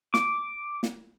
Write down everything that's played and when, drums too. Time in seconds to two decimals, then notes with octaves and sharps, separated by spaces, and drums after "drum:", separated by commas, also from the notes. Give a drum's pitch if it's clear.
0.14 D6, drum: snare
0.83 drum: snare